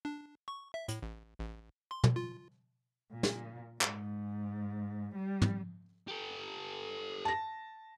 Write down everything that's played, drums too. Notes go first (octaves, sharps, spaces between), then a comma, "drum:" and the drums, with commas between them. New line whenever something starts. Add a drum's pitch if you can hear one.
D4
C#6
E5
A2, drum: hi-hat
A1
A1
C6
drum: tom
F4
A#2
drum: snare
G#2, drum: clap
G3
drum: tom
G4 A4
A5 A#6